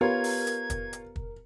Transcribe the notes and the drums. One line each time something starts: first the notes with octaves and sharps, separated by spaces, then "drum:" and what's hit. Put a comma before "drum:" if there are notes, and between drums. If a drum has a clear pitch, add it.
B3 F4 G4 A#4 B4 C#5 F5 G#6
drum: open hi-hat
drum: hi-hat
drum: kick, hi-hat
drum: hi-hat
drum: kick